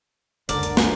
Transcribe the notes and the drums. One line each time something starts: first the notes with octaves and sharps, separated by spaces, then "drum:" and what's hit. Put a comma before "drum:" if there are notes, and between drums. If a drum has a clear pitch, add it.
F#1 C#2 D3 A#4 D5, drum: hi-hat
drum: hi-hat
drum: snare